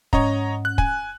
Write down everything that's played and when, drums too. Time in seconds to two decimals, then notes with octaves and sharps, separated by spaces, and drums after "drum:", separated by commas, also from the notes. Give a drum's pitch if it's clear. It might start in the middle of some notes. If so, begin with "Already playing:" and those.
0.13 G#2 C#4 C#5 D#5 F#5 A#5, drum: kick
0.65 F#6
0.78 G#5, drum: kick